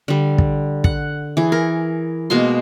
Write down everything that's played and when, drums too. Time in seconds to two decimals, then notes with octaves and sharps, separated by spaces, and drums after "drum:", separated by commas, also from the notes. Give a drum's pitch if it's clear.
0.08 D3 G3
0.38 drum: kick
0.84 F#5, drum: kick
1.37 E3 G#4
1.52 A#4
2.30 B2 G#3 A#3 C6